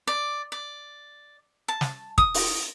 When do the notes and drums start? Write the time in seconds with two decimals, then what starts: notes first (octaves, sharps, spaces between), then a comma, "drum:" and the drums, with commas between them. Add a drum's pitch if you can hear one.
0.07 D5
0.52 D5
1.68 A5
1.81 drum: snare
2.18 D#6, drum: kick
2.34 drum: open hi-hat